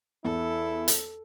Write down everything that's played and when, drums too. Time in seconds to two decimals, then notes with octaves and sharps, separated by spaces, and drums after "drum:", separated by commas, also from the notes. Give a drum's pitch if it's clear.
0.25 E2 E4 A4
0.88 drum: hi-hat